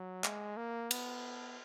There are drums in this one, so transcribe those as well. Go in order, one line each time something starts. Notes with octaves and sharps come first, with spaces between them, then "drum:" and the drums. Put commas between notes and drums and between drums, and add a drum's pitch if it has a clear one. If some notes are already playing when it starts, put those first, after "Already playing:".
Already playing: F#3
G#3, drum: clap
A#3
B3, drum: cymbal